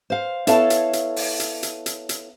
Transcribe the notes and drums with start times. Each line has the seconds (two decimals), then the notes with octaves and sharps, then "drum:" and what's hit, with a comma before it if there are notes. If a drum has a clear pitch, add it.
0.10 C5 F5
0.47 B3 E4 A4 C#5 F5 A5, drum: hi-hat
0.70 drum: hi-hat
0.93 drum: hi-hat
1.16 drum: open hi-hat
1.40 drum: hi-hat
1.63 drum: hi-hat
1.86 drum: hi-hat
2.09 drum: hi-hat